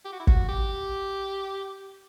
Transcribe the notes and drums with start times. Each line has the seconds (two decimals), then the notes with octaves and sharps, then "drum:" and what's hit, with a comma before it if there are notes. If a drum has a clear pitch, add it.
0.05 G4
0.13 F#4
0.20 E4
0.27 F#4, drum: kick
0.49 G4